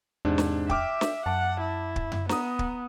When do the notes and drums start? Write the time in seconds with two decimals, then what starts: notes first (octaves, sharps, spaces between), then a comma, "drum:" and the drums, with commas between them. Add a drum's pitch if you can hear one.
0.25 E2 G#2 C3 D4
0.38 drum: snare
0.69 E5 G5 D6 F6, drum: kick
1.01 drum: snare
1.26 F#2 F#5 A5 D6
1.61 E4
1.96 drum: kick
2.12 drum: tom F#2
2.29 B3 A#5 D#6, drum: snare
2.59 drum: kick